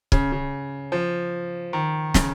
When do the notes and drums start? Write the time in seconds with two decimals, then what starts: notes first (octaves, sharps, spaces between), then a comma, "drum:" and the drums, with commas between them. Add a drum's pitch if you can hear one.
0.12 C#3, drum: kick
0.32 C#3
0.92 F3
1.73 D#3
2.14 C#3, drum: snare